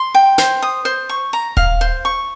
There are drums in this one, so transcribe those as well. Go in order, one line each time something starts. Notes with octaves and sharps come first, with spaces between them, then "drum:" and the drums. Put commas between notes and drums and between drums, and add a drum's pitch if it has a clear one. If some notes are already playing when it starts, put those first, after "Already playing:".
Already playing: C6
G5
C5, drum: snare
D#6
C5
C#6
A#5
F5, drum: kick D#1
C5
C#6